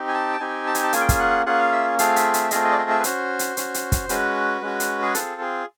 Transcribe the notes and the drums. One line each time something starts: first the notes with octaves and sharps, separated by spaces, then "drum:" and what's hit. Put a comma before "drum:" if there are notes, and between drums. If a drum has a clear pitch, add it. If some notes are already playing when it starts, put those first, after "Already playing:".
Already playing: C4 D#4 G4
G#5
A5
G5
C4 D#4 G4 G#5
A5
G#5, drum: hi-hat
A5
A#3 C#4 F4 G#4 G#5, drum: hi-hat
G5
G#5, drum: kick, hi-hat
F#5
A#3 C#4 F4 G#4 F#5
F5
E5
A3 C4 F4 G#4 F5, drum: hi-hat
E5, drum: hi-hat
E5, drum: hi-hat
A3 C4 F4 G#4 D#5, drum: hi-hat
D#5
D5
D#5
E5
B4
C#4 F#4 C5, drum: hi-hat
drum: hi-hat
C#4 F#4, drum: hi-hat
drum: hi-hat
drum: kick, hi-hat
G#3 C#4 F#4 B4, drum: hi-hat
G#3 C#4 F#4
drum: hi-hat
G#4
C4 F4 G#4 A4, drum: hi-hat
G#4